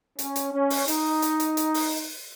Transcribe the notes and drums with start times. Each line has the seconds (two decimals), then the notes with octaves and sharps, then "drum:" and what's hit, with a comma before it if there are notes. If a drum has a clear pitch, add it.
0.19 C#4, drum: hi-hat
0.36 drum: hi-hat
0.53 C#4
0.70 drum: open hi-hat
0.88 D#4, drum: hi-hat
1.22 drum: hi-hat
1.40 drum: hi-hat
1.57 drum: hi-hat
1.74 drum: open hi-hat